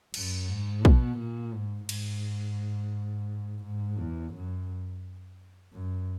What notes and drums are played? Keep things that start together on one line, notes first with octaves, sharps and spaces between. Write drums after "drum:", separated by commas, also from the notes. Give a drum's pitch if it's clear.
F#2, drum: cymbal
G#2
B2, drum: kick
A#2
G#2
G#2, drum: cymbal
G#2
E2
F#2
F#2